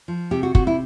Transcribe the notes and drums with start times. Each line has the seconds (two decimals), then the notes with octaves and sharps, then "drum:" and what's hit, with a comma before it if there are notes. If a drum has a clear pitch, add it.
0.08 F3
0.31 C3 G4
0.43 F#4
0.55 C3 F#4, drum: kick
0.67 E4